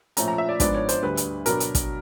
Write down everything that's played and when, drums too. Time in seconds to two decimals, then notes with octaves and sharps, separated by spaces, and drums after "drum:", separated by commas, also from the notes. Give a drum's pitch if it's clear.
0.17 A#2 F3 A3 C#4 A#5, drum: hi-hat
0.28 A#5
0.38 E5
0.49 D5
0.60 G#2 F3 G#3 B3 D4 D5, drum: kick, hi-hat
0.75 C#5
0.89 C5, drum: hi-hat
1.03 D2 D3 G3 B4
1.17 drum: hi-hat
1.46 B2 F#3 B3 D4 A#4, drum: hi-hat
1.60 drum: hi-hat
1.75 drum: kick, hi-hat